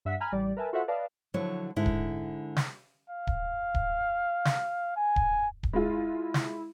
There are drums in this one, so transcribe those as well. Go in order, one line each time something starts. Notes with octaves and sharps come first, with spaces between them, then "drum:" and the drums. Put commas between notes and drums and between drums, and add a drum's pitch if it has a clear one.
G2 E5 F#5 B6
G#5 A#5 B5 F6 G#6
A1 G3 D5
A#4 B4 E5 G#5 A5
F4 F#4 A4 C5 E5 F#5
B4 D5 D#5 F5 A5
D3 F3 F#3 E4 C#5
G#2 D3 E4
drum: kick D1
drum: snare
F5
drum: kick D1
drum: kick D1
drum: snare
G#5
drum: kick D1
drum: kick D1
G#3 E4 F4
drum: snare